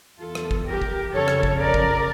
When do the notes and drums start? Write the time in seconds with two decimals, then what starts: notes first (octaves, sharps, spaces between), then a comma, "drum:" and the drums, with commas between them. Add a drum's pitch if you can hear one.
0.20 E2 E3 F4 A4
0.35 drum: rim click
0.51 drum: kick
0.66 G4 A#4
0.82 drum: kick
1.12 F2 C#3 F3 A4 C#5
1.28 drum: rim click
1.43 drum: kick
1.59 A#4 D5
1.74 drum: kick